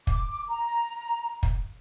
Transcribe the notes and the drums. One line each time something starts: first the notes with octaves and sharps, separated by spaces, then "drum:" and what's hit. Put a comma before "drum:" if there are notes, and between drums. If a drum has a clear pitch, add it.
D6, drum: kick
A#5
drum: kick